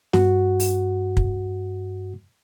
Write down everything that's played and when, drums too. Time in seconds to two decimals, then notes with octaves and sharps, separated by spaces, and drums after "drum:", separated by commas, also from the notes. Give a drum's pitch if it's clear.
0.13 G2 F#4 F#5, drum: snare
0.60 drum: open hi-hat
1.17 drum: kick